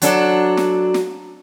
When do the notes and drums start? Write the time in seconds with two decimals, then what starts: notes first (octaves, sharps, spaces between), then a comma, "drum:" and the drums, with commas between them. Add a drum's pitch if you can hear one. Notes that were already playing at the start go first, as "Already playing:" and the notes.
0.02 F#3 D4 A4, drum: hi-hat
0.57 drum: snare
0.94 drum: snare